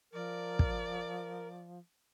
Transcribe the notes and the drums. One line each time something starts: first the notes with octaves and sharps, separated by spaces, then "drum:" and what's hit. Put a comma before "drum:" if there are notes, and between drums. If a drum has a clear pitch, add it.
F3 A#4 D5
drum: kick